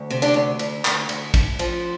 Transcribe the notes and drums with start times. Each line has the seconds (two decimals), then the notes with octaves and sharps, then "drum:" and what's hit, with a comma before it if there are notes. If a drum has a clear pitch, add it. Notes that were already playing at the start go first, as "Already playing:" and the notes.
Already playing: D2
0.10 C3
0.22 D4 G4
0.34 D2
0.59 D2, drum: cymbal
0.85 D2, drum: clap
1.09 D2, drum: cymbal
1.34 G2, drum: kick, cymbal
1.59 F3, drum: cymbal